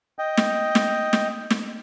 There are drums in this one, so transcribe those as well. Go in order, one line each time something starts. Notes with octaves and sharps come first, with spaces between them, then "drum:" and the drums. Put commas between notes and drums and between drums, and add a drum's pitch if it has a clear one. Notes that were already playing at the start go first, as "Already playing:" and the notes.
D#5 G5
drum: snare
drum: snare
drum: snare
drum: snare